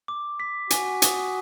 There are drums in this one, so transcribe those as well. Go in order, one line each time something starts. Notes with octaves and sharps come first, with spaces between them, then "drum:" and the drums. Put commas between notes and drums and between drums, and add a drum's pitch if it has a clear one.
D6
B6
F#4 G#5, drum: hi-hat
D#6, drum: hi-hat